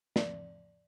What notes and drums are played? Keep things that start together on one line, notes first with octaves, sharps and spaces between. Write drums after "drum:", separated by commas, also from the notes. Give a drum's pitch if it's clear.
D5, drum: snare